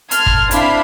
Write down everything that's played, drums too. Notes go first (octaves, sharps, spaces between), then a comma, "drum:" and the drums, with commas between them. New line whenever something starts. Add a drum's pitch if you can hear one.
A5 C6 F6 G#6, drum: hi-hat
drum: kick
C4 D4 E4 F5 B5, drum: hi-hat